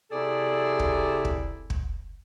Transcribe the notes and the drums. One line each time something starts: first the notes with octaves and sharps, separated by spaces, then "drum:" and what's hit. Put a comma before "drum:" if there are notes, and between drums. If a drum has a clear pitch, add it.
C3 E4 G#4 A4 D5
drum: kick
drum: kick
drum: kick